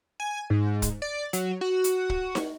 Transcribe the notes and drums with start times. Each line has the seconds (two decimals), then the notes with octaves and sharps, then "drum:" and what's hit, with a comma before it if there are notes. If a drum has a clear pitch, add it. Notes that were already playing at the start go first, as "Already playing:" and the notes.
0.20 G#5
0.50 G#2
0.82 drum: kick, hi-hat
1.02 D5
1.33 F#3, drum: hi-hat
1.61 F#4
1.84 drum: hi-hat
2.10 drum: kick
2.35 drum: snare D#4